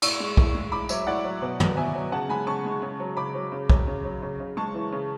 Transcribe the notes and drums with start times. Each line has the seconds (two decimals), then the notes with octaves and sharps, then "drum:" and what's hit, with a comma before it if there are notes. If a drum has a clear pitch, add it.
0.02 A2 C#6 E6, drum: cymbal
0.20 G#3
0.37 A2, drum: kick
0.55 G#3
0.72 A2 B5 D6
0.89 F#3 C#5 E5, drum: tambourine
1.07 A2 D5 F#5
1.25 F#3
1.42 B2
1.60 F#3, drum: tom
1.77 B2 E5 G#5
1.95 F#3
2.12 C#3 F#5 A5
2.29 G#3 G#5 B5
2.47 C#3 A5 C#6
2.65 G#3
2.82 C#3
3.00 F#3
3.17 C#3 B5 D6
3.35 F#3
3.52 C#3
3.70 F#3, drum: kick
3.87 C#3
4.05 F#3
4.22 C#3
4.40 C#3
4.57 G#3 A5 C#6
4.74 E3
4.92 C#3